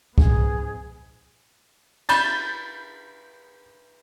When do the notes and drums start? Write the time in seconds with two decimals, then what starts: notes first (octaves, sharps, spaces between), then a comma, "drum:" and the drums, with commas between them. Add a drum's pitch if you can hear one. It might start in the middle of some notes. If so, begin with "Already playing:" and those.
0.18 G#2 B3 G#4, drum: kick C2
2.09 B5 G6 A6, drum: cymbal